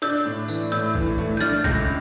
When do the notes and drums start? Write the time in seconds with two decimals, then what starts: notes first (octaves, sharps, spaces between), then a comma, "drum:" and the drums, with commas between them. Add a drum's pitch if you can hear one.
0.02 D4 E6 G6
0.25 A2
0.48 E3, drum: tambourine
0.72 A2 E6 G6
0.95 E3, drum: kick
1.18 A3
1.37 G6
1.41 D4 F6 A6, drum: snare
1.64 C#2 G6 A#6, drum: kick